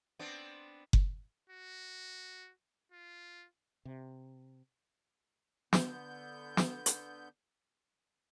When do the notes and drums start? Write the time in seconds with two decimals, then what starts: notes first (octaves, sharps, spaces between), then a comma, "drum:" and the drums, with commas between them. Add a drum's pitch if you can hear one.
0.19 B3 C4 D4
0.93 drum: kick F#1
1.50 F#4
2.92 F4
3.85 C3
5.73 D3 B3 G6, drum: snare
6.57 drum: snare
6.86 drum: hi-hat